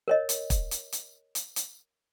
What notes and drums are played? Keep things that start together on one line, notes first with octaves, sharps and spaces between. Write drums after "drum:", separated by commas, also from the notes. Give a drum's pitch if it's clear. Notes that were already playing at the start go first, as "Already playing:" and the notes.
A#4 C#5 D#5
drum: hi-hat
drum: kick, hi-hat
drum: hi-hat
drum: hi-hat
drum: hi-hat
drum: hi-hat